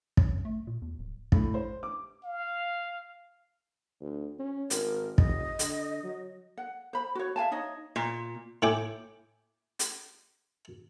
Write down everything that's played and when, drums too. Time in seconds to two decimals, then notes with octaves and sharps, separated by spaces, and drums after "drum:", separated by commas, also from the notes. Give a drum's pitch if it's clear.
0.17 F#3, drum: kick
0.33 F#2
0.45 A3
0.67 A#2
0.82 E2
0.99 D1
1.32 A2, drum: kick
1.54 C5
1.83 D6
2.24 F5
4.01 D2
4.39 C#4
4.70 G#1 A#4, drum: hi-hat
5.18 F1 D#5, drum: kick
5.59 D3, drum: hi-hat
6.04 F#3
6.58 F#5
6.93 C5 B5
7.15 F#4 C#5
7.36 E5 F5 G#5 A5
7.51 D#4 C#5 D#5
7.96 A#2
8.62 A2 E4 G5 G#5 D6
9.79 drum: hi-hat